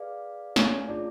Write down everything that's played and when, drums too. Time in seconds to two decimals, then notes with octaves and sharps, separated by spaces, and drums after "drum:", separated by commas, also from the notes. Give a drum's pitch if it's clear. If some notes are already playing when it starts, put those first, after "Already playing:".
Already playing: G#4 B4 D5 F5
0.56 C#4, drum: snare
0.88 A3 C#4 D4 F4 G#4